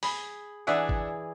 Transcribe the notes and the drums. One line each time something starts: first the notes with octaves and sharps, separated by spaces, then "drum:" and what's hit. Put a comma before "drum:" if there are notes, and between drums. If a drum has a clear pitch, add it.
G#4 B5, drum: open hi-hat
E3 D4 G#4 D5 E5 F#5
drum: kick G#1